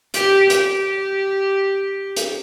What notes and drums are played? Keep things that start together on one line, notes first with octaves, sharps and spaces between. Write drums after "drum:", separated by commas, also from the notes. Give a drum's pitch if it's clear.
G4, drum: hi-hat
G4, drum: hi-hat
drum: hi-hat